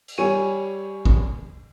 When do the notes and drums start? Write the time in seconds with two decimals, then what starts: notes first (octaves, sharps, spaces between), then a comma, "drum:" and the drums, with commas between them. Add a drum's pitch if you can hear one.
0.08 drum: cymbal
0.18 G3 C#5 G#5 C#6 D#7
1.05 drum: kick